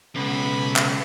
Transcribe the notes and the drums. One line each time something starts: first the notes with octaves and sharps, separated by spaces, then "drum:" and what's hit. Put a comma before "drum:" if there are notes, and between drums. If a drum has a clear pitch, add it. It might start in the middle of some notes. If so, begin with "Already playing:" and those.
B1 C#3 G#3 B3 B5
drum: clap